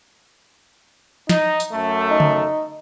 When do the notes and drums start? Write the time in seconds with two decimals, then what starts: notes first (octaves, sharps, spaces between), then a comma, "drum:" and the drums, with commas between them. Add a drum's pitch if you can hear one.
1.29 D#4, drum: snare
1.60 drum: tambourine
1.73 F#2 A3
2.11 D#4
2.20 drum: tom C#3